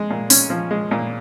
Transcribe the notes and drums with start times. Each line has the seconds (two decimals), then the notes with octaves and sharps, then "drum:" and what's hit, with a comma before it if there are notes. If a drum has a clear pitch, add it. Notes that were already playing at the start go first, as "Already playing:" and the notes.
Already playing: G#3
0.10 A#2
0.30 C#4, drum: open hi-hat
0.50 F3
0.71 G#3
0.91 A#2